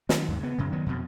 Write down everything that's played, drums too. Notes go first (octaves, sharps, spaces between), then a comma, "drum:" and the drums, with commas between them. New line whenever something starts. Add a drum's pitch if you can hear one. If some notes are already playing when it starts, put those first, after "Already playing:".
D#3 F#3, drum: snare
D#2 G#2
C#3 B3
F#2 C#3 F#3
D#3 F#3 B3
F2 B2